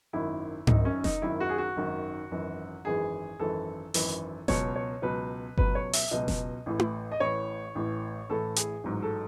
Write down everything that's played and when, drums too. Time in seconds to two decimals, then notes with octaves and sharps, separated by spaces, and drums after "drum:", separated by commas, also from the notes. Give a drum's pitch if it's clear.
0.13 G#1 F#2 D#3 E4
0.67 G#1 F#2 D#3 D#4, drum: tom G#2
0.85 C#4
1.04 D#4, drum: snare F1
1.22 G#1 F#2 D#3 E4
1.40 F#4
1.49 G#4
1.58 F#4
1.76 G#1 F#2 D#3
2.31 G#1 F#2 E3
2.85 G#1 F#2 E3 G#4
3.39 G#1 F#2 E3 A4
3.94 G#1 F#2 E3, drum: open hi-hat
4.48 C#2 B2 F#3 C#5, drum: snare F1
4.76 C#5
5.02 C#2 B2 F#3 B4
5.57 C#2 B2 F#3 B4, drum: kick G1
5.75 C#5
5.93 E5, drum: open hi-hat
6.11 C#2 B2 F#3 D#5
6.28 drum: snare F1
6.66 A1 A2 E3
6.79 drum: tom E4
7.12 D#5
7.20 A1 A2 E3 C#5
7.75 A1 A2 E3
8.29 A1 A2 E3 A4
8.56 G#4, drum: hi-hat
8.84 A1 G#2 F#3
9.02 A4